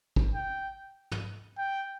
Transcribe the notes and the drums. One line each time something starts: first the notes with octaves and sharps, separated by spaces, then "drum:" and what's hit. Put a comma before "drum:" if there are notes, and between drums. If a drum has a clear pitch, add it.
drum: kick
G5
drum: tom
G5